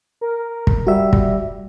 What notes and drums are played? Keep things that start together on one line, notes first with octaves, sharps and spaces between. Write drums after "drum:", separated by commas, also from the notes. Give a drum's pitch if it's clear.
A#4
drum: kick
G3 F#4 E5
drum: kick